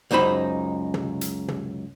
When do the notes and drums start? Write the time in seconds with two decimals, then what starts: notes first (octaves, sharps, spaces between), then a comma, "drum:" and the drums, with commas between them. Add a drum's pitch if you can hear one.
0.11 C#2 F#2 D#4 C5 B5
0.94 drum: tom
1.21 drum: hi-hat
1.48 drum: tom